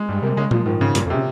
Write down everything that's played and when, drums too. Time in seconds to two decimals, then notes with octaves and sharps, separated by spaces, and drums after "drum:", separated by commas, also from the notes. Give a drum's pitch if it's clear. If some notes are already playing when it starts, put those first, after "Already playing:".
Already playing: G#3
0.09 G2 G3
0.22 C3 A#3
0.36 C#3 G#3
0.51 A#2 F3, drum: tom
0.65 G#2 D#3
0.80 G#2 C#3
0.95 G2 A#2, drum: hi-hat
1.05 F2
1.10 C3
1.14 C#3